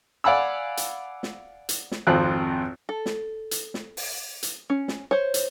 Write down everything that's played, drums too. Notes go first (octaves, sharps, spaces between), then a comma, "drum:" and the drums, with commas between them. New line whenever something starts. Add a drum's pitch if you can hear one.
D5 F5 F#5 G#5 B5 E6
drum: hi-hat
drum: snare
drum: hi-hat
drum: snare
G#1 F2 C4 F4 F#6
A4
drum: snare
drum: hi-hat
drum: snare
drum: open hi-hat
drum: hi-hat
C#4
drum: snare
C5 C#5
drum: hi-hat